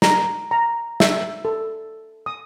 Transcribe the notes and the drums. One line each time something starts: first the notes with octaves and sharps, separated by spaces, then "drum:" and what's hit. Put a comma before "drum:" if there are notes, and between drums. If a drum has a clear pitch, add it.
A#5, drum: snare
A#5
E5, drum: snare
A4
D#6